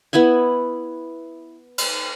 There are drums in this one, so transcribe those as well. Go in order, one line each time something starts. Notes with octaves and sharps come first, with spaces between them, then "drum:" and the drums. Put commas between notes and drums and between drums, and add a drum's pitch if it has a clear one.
B3 E4 E5 G#5
drum: cymbal